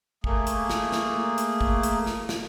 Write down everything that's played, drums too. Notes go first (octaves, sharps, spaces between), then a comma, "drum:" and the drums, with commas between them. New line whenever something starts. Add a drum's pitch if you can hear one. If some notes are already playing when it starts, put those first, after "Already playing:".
A3 A#3 G#4, drum: kick
drum: hi-hat
drum: snare
drum: snare
drum: hi-hat
drum: kick
drum: hi-hat
drum: snare
drum: snare